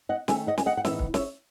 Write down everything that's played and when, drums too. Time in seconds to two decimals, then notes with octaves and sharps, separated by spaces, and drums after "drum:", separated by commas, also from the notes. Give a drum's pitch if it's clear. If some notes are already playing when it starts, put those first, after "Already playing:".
0.09 D#5 F#5
0.28 D#3 A3 D#4 E5 G#5, drum: snare
0.47 D#5 F#5
0.58 G#5, drum: snare
0.66 D#5 F#5
0.77 F#5
0.85 A2 E3 B3 D#4 C#5 E5, drum: snare
0.99 drum: kick
1.14 C#5 E5, drum: snare